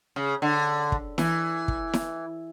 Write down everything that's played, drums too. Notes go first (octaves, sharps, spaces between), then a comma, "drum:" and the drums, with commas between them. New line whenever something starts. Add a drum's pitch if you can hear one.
C#3
D3
drum: kick
E3, drum: snare E4
drum: kick
drum: snare E4